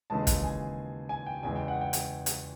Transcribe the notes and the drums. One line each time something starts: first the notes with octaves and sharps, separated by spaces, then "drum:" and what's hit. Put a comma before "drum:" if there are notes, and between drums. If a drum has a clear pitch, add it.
D#2 C#3 E3 G#3 A5
drum: kick, hi-hat
G#5
G#5
G5
E2 C#3 E3 G#3 G#5
G5
F#5
G5
drum: hi-hat
drum: hi-hat